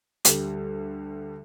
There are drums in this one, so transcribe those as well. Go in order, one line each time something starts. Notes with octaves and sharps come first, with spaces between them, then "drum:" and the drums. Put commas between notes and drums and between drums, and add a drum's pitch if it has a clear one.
D2 G3, drum: hi-hat